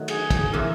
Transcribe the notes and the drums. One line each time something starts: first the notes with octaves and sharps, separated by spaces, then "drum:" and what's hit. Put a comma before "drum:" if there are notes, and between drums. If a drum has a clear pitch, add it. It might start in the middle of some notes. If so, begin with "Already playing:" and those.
Already playing: D#3 F#3 A3
G#4, drum: cymbal
drum: kick, cymbal
C3 E3 A#4